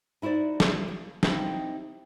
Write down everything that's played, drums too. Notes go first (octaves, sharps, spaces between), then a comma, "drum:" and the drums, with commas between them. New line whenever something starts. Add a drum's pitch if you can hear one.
D#4 E4 F#4 C5 D5
G#4, drum: snare
A#3
C4 D#4 E4 G4 C5 F5, drum: snare